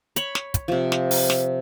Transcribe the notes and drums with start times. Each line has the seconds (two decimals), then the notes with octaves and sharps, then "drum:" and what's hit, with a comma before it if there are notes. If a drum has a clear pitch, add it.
0.16 C#5 B5, drum: hi-hat
0.35 drum: snare
0.54 drum: kick, hi-hat
0.68 C3 F3
0.92 drum: snare
1.11 drum: open hi-hat
1.30 drum: snare